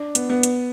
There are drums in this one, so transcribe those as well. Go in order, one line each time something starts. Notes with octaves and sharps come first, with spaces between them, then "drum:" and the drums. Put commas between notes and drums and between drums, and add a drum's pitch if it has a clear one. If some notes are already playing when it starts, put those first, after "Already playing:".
Already playing: D4
B3, drum: hi-hat
B3
drum: hi-hat